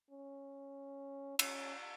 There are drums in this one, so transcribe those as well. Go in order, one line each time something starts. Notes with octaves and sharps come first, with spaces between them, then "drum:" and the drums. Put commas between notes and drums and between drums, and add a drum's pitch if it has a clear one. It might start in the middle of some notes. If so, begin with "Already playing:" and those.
C#4
C#4, drum: cymbal